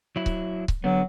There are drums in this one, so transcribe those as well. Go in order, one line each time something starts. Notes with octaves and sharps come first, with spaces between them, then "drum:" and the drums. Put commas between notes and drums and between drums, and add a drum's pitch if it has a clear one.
F#3 E4
drum: kick C#1
drum: kick C#1
D3 F#3 B3